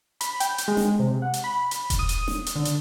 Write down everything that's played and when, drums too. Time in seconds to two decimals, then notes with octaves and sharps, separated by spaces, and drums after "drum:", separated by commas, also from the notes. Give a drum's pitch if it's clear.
0.21 B5, drum: hi-hat
0.40 G5, drum: hi-hat
0.58 drum: hi-hat
0.68 G#3
0.77 drum: snare
0.99 C3
1.22 F#5
1.34 drum: hi-hat
1.44 B5
1.71 drum: hi-hat
1.90 drum: kick E1, hi-hat
1.99 D#6
2.09 drum: hi-hat
2.28 drum: snare
2.46 drum: hi-hat
2.55 D3
2.65 drum: hi-hat